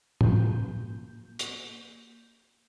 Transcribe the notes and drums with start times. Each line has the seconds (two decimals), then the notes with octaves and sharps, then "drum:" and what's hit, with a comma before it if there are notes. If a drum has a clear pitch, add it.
0.21 A#3 G6, drum: tom
1.39 drum: hi-hat